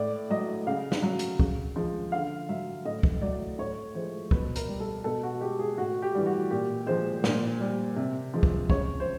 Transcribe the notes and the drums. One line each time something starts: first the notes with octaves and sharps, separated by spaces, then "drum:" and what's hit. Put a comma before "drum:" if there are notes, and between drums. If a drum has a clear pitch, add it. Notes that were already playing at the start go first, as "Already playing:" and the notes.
Already playing: A2 D5
F#3 D#5
C#3 F5
drum: snare
F#3
drum: hi-hat
C#3, drum: kick
F3 G#3
D3 F5
F#3 E5
A2 D#5
drum: kick
F#3 D5
A2 C#5
F3 G#3 C5
B2 B4, drum: kick
A#4, drum: hi-hat
G3
A4
B2 A4
F#4
G#3 G4
G#4
A2 F#4
G4
E3 G3
F#4
A#2 G4
F3 G#3 C5
A#2, drum: snare
G3
C3
F3 G#3
drum: kick
C#3 C#5, drum: kick
C5